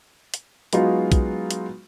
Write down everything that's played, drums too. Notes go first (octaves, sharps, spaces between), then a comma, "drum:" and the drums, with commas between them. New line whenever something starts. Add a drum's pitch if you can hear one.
drum: hi-hat
F#3 G#3 B3 D#4 F4 F#4, drum: hi-hat
drum: kick A#1, hi-hat
drum: hi-hat